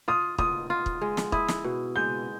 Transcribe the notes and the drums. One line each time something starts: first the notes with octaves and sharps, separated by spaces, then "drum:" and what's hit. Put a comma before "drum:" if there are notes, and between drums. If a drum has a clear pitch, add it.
F4 D#6
F4 D#6, drum: kick
F4
drum: kick
G#3
drum: snare
E4 D#6, drum: kick
drum: snare
B2
G#3 G6